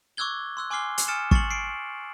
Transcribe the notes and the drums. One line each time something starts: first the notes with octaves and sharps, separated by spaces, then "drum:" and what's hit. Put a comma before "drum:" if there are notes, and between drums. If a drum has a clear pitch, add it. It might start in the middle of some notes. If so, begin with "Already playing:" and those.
C#6 D6 E6 F#6 G#6 G7
C6 E6 F#6
G#5 C6 D6 F6 C7 G7
drum: hi-hat
G#5 D#6 F6 A6 C#7 E7
C#6 A6 C7 C#7 F#7, drum: kick
C7 D7